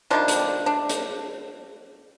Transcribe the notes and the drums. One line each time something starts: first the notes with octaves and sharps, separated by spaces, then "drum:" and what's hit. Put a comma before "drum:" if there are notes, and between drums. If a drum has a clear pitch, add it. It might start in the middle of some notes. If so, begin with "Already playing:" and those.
C3 D#3 G3 D4 F4
drum: hi-hat
D4
drum: hi-hat